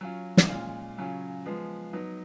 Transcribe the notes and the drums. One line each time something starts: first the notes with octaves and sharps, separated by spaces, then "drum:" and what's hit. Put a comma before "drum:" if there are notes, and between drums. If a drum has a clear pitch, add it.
F#3 C#4 F4
drum: snare
A#2 G#3 C#4 F4
C#3 F#3 C#4 F4
F3 G#3 B3
F#3 B3 D#4